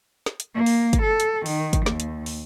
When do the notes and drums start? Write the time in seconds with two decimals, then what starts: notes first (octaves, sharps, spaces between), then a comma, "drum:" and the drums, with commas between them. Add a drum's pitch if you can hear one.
0.26 drum: snare
0.40 drum: hi-hat
0.55 A#3
0.66 drum: open hi-hat
0.93 drum: kick, hi-hat
1.02 A4
1.20 drum: hi-hat
1.46 D#3, drum: open hi-hat
1.73 drum: kick, hi-hat
1.86 D#2, drum: snare
2.00 drum: hi-hat
2.26 drum: open hi-hat